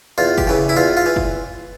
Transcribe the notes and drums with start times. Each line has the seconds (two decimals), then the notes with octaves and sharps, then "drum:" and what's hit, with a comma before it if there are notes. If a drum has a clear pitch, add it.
0.18 E2 F4
0.38 G4, drum: kick
0.47 C#3 E3
0.69 E4
0.76 E2 F4
0.97 F4
1.06 E3
1.16 drum: kick